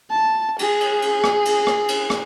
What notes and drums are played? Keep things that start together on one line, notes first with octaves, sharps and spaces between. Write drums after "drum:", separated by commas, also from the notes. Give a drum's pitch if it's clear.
A5
G#4, drum: cymbal
drum: cymbal
drum: cymbal
drum: rim click
drum: cymbal
drum: rim click
drum: cymbal
drum: rim click